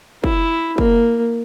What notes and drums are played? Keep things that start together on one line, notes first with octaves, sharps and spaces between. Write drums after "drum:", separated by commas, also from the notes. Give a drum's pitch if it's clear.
E4, drum: kick
A#3, drum: kick